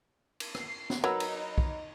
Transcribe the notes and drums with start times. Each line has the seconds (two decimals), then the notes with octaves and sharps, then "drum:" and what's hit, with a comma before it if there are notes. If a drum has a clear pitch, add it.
0.40 drum: cymbal
0.55 C7, drum: rim click
0.90 drum: snare
1.04 F#3 D#4 A#4 B4 E6
1.20 drum: cymbal
1.58 drum: kick